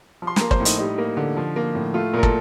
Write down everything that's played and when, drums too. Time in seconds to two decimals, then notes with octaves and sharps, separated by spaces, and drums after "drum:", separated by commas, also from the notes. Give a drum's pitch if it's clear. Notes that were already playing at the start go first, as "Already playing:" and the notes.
0.22 F3
0.27 C6
0.36 A#3 A#5, drum: snare
0.51 C5, drum: kick
0.60 A2
0.65 D#4, drum: hi-hat
0.79 G3 D#4
0.98 A#3
1.17 D3
1.37 F3
1.56 A#3
1.75 A2
1.94 A3 F4
2.14 A#2 A#4
2.23 A4, drum: kick